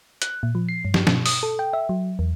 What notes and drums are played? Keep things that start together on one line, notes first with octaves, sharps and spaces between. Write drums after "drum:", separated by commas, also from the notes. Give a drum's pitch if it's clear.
F#6, drum: hi-hat
A#2
F3
C7
G2
drum: snare
B2, drum: snare
D#6, drum: open hi-hat
A4
G5
E5
F#3
E2